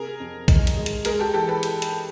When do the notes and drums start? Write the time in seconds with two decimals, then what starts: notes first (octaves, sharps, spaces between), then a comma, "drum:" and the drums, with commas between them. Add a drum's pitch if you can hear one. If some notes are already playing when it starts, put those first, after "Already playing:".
Already playing: C3 G#4 A#4
0.20 F2
0.48 D#3, drum: kick, hi-hat
0.67 drum: hi-hat
0.77 G#3
0.86 drum: hi-hat
1.05 G#3 G#4 A#4, drum: hi-hat
1.19 G4 A4
1.34 E3 G4 A4
1.48 A4 B4
1.63 drum: hi-hat
1.82 drum: hi-hat